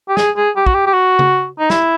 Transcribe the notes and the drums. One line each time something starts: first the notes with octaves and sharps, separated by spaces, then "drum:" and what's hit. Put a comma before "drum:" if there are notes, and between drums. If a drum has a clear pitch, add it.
G4
G#4, drum: snare
G#4
G4
F#4, drum: kick
G4
G4
F#4
drum: tom C#3
D#4
E4, drum: snare